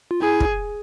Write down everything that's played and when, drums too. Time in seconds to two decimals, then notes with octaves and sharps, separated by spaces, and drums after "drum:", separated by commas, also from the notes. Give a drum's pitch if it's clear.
0.11 F4
0.21 E4 G#4
0.40 drum: kick